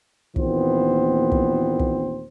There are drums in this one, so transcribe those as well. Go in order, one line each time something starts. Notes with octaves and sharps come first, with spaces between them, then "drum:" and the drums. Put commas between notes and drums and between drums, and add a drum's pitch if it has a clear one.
D#2 A#2 E3 B3 C4 C5, drum: kick
drum: kick
drum: kick